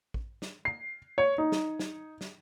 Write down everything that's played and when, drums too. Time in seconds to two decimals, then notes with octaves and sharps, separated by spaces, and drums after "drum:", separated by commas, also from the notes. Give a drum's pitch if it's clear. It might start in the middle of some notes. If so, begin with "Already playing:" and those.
0.14 drum: kick A1
0.42 drum: snare
0.65 C7
1.18 C#5
1.38 D#4
1.52 drum: snare
1.79 drum: snare
2.21 drum: snare